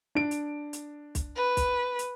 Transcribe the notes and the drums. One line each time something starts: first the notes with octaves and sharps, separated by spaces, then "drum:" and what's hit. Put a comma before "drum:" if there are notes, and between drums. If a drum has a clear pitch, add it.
D4 D7
drum: hi-hat
drum: hi-hat
drum: kick, hi-hat
B4
drum: kick, hi-hat
drum: hi-hat